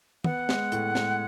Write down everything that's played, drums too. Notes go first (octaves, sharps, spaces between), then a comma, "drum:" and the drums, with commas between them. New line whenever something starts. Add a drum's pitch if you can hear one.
B3 F#5, drum: tom
G#3, drum: snare
A2, drum: hi-hat
G#3, drum: snare